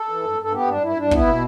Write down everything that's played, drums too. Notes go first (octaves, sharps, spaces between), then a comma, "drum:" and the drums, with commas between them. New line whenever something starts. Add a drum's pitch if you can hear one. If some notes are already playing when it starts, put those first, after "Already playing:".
Already playing: A4
E3
G2
G2 A4
B3 G4
G2 D4
G2 E4
G2 D4
B3 E4, drum: kick
B2